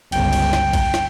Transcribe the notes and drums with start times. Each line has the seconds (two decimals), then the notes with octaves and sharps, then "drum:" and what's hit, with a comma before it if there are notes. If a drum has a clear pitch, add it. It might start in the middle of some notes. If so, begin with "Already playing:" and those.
0.12 G1 C#2 G5, drum: cymbal
0.33 drum: cymbal
0.53 drum: snare
0.73 drum: kick A#1, cymbal
0.94 drum: snare